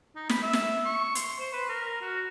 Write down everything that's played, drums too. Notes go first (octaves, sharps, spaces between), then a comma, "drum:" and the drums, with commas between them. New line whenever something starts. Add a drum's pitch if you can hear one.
D#4
B5, drum: snare
E5
drum: snare
C#6
C6, drum: hi-hat
C5
B4
A#4
F#4